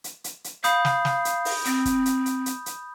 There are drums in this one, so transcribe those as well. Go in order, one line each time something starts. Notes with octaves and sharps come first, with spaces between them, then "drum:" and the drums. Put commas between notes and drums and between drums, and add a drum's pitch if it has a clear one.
drum: hi-hat
drum: hi-hat
drum: hi-hat
F5 B5 D#6 G6, drum: hi-hat
drum: snare
drum: snare
drum: hi-hat
drum: open hi-hat
C4, drum: hi-hat
drum: kick, hi-hat
drum: hi-hat
drum: hi-hat
drum: hi-hat
drum: hi-hat